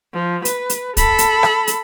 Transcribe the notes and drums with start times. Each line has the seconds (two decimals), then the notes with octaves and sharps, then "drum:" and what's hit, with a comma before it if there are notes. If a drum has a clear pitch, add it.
0.13 F3
0.45 B4, drum: hi-hat
0.70 drum: hi-hat
0.97 A4 B5, drum: kick, hi-hat
1.18 drum: hi-hat
1.43 drum: rim click
1.67 drum: hi-hat